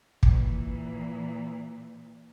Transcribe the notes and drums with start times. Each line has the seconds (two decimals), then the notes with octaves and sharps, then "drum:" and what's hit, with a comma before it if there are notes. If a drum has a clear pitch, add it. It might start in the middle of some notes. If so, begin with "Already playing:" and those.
0.23 A#2 E3, drum: kick